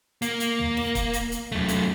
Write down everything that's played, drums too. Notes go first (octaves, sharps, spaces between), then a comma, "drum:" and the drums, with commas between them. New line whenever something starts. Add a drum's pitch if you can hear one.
A#3, drum: hi-hat
drum: hi-hat
drum: tom
drum: snare
drum: kick, hi-hat
drum: hi-hat
drum: hi-hat
F#2 A3, drum: tom
drum: hi-hat